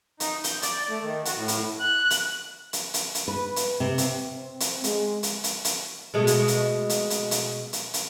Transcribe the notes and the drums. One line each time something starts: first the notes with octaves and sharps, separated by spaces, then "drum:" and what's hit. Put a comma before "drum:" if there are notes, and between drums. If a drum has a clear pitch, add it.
D#4, drum: hi-hat
G6, drum: hi-hat
D5, drum: hi-hat
A3
D#3
F#4, drum: hi-hat
A2
drum: hi-hat
F#6
drum: hi-hat
drum: hi-hat
drum: hi-hat
drum: hi-hat
B4
drum: hi-hat
C3
drum: hi-hat
C4
drum: hi-hat
G#3, drum: hi-hat
drum: hi-hat
drum: hi-hat
drum: hi-hat
B2 G#3 A3
drum: hi-hat
drum: hi-hat
drum: hi-hat
drum: hi-hat
drum: hi-hat
drum: hi-hat
drum: hi-hat